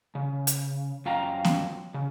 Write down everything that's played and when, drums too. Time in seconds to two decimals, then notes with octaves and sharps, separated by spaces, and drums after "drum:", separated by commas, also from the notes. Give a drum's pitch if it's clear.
0.15 C#3
0.47 drum: hi-hat
1.06 F#2 F4 F5 G5 A#5
1.45 drum: snare B3
1.94 C#3